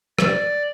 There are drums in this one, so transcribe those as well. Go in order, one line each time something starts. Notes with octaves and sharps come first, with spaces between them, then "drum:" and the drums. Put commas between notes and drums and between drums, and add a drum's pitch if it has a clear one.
D5, drum: rim click